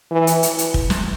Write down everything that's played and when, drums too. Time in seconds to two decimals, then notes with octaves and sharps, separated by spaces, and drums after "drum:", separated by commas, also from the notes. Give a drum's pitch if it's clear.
0.11 E3
0.27 drum: hi-hat
0.43 drum: hi-hat
0.58 drum: hi-hat
0.74 drum: kick
0.90 drum: snare